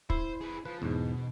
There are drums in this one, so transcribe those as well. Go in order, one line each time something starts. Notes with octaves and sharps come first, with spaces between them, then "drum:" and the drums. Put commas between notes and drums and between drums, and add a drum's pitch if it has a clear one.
E4 C5, drum: kick
G#4 B4
F3 B4
E2 G#2 B2